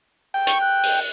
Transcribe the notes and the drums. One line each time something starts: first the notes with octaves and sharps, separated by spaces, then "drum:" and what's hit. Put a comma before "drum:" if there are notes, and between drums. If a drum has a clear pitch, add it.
G5
C#6, drum: hi-hat
F#6
drum: open hi-hat